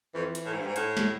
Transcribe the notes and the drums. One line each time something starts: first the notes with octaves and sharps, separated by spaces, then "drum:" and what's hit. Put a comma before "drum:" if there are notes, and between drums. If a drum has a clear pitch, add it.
F2 E3
drum: hi-hat
A2
G#2
G2
G#2
A2, drum: hi-hat
drum: snare